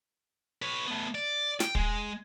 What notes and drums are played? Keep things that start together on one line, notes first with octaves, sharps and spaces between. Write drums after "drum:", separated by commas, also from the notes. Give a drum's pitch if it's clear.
B4 C#5
A3 B3
D5
G5, drum: snare
G#3, drum: kick